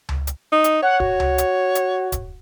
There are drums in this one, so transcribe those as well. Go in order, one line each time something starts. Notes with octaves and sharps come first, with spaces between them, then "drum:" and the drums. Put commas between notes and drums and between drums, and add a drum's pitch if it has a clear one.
drum: tom C#2
drum: hi-hat
D#4
drum: hi-hat
C#5 F#5
F#4, drum: kick
drum: tom C#2
drum: hi-hat
drum: hi-hat
drum: kick, hi-hat